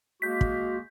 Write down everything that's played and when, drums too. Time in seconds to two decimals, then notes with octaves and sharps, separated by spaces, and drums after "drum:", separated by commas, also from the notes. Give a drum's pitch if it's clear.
0.22 G#3 A#3 F#4 G6 B6
0.41 drum: kick